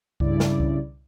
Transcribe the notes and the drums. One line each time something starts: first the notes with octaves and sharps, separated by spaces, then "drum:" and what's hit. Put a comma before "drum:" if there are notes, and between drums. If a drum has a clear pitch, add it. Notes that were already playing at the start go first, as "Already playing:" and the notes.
G2 C#3 E4 D5, drum: kick C2
drum: snare
drum: kick C2